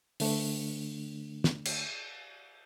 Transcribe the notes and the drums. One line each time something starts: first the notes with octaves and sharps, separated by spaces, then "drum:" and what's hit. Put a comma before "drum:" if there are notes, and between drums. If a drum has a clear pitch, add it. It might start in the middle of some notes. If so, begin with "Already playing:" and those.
D3 A3 D4, drum: open hi-hat
drum: snare
drum: cymbal